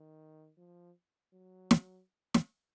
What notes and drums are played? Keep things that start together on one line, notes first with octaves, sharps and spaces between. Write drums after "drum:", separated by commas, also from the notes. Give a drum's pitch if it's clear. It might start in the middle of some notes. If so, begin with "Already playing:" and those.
Already playing: D#3
F3
F#3
drum: snare
drum: snare